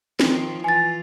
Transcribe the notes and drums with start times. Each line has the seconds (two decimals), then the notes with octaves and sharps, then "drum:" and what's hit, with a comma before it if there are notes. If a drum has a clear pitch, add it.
0.20 D#3 F3 C4, drum: snare
0.64 E3 F4 G#5 A6